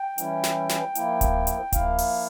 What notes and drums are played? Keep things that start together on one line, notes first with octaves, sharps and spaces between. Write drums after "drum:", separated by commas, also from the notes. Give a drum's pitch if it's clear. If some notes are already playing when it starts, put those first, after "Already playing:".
Already playing: G5
E3 G3 C#4 E4, drum: hi-hat
drum: snare
drum: snare
F3 A#3 E4, drum: hi-hat
drum: kick D1, hi-hat
drum: hi-hat
F3 A#3 E4 F5, drum: kick D1, hi-hat
drum: open hi-hat